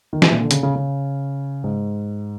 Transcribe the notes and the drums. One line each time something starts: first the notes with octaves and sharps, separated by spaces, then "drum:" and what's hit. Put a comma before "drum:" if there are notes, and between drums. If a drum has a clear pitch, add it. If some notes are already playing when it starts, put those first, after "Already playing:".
D#3
E3, drum: snare
A#2
D3
C#3, drum: hi-hat
C#3
C#3
G#2